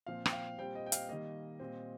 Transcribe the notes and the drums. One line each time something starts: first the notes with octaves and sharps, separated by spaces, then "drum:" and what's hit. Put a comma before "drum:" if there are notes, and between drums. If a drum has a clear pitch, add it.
A#2 F3 C4 F5
G5, drum: rim click
F5
A#2 G3 C4 G5
D#5
G5
F5, drum: hi-hat
D#3 G3 A#3 D#5
A#2 G3 C4